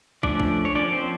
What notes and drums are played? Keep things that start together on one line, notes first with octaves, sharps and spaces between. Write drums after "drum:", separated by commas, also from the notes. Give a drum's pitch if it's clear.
F3 A3 C#4 D4 D5, drum: kick
drum: kick
C#5
F3 A#3 C#4 D4 D5
C4 C5